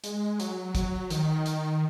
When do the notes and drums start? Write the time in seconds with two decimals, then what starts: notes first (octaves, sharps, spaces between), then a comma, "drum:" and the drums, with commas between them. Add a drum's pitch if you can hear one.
0.04 G#3, drum: hi-hat
0.40 F#3, drum: hi-hat
0.75 drum: kick, hi-hat
1.10 D#3, drum: hi-hat
1.46 drum: hi-hat